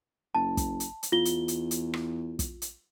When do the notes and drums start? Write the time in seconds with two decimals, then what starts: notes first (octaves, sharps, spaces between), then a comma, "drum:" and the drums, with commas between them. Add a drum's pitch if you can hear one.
0.35 F#1 A5
0.57 drum: kick, hi-hat
0.80 drum: hi-hat
1.03 drum: hi-hat
1.12 E2 F4 G7
1.25 drum: hi-hat
1.48 drum: hi-hat
1.71 drum: hi-hat
1.94 drum: rim click
2.39 drum: kick, hi-hat
2.62 drum: hi-hat